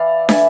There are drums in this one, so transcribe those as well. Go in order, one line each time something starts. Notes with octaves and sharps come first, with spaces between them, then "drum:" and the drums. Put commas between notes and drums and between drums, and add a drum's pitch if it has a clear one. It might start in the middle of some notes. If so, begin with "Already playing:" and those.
Already playing: E3 D5 F5
E3 E5 G#5, drum: snare